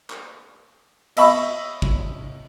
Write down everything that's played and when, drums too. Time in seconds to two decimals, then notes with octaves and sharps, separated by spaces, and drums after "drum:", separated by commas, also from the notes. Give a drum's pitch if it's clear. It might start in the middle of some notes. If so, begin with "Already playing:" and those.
0.10 drum: clap
1.17 D#5 E5 B5 C#6, drum: cymbal
1.82 drum: kick